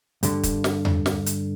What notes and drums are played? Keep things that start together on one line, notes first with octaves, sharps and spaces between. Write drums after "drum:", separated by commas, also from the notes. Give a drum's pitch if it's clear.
G2 D3, drum: hi-hat
drum: kick, hi-hat
drum: snare
drum: tom E2
drum: snare
drum: hi-hat